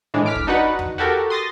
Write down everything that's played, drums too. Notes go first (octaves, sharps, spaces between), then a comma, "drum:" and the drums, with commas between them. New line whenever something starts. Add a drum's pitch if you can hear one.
A2 E3 G#3 D4
D6 F6 B6
drum: kick
D4 D#4 F#4 B4 F#5
drum: tom E2
F#4 G4 A4 A#4
C6 D#6 A6 A#6